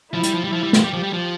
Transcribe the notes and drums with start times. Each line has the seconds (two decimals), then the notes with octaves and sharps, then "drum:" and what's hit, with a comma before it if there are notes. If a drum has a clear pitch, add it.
0.13 F3 E4
0.23 G3, drum: hi-hat
0.34 F3
0.44 G3 E4
0.53 F3
0.63 G3
0.73 F3, drum: snare
0.81 G3 G4
0.94 F3
1.03 G3
1.13 F3